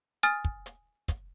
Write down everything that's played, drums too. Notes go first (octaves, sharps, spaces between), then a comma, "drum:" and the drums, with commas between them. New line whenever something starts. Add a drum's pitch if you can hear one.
G#5 D#6 F6 A6, drum: hi-hat
drum: kick
drum: hi-hat
drum: kick, hi-hat